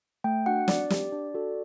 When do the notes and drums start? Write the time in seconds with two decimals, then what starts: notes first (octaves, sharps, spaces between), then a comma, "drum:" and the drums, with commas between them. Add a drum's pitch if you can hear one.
0.24 A3 G5
0.46 D4 F#4 F#5
0.68 D4 D5, drum: snare
0.90 G4, drum: snare
1.12 D4
1.34 F#4 A4